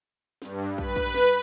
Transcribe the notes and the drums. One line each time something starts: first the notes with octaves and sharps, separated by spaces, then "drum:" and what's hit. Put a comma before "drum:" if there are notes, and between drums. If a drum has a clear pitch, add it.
G2, drum: snare
B4, drum: kick
drum: kick
drum: snare